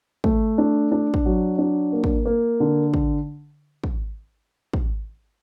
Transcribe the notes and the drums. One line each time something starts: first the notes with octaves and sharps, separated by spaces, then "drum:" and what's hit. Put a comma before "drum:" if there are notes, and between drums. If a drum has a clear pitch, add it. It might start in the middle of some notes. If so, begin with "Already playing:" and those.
A3, drum: kick
D4
D4
drum: kick
F#3
D4
A#3
drum: kick
A#3
D3
drum: kick
drum: kick
drum: kick